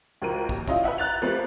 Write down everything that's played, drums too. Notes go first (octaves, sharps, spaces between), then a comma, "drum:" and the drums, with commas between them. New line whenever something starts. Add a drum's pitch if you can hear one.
C#2 F3 F#4 A#4 D#7
D#2, drum: kick
C#4 E4 F4 D#5, drum: kick
B4 D#5 E5 F#5
A#5 F#6 A6 F7
F3 A3 B3 C4 G4 A#4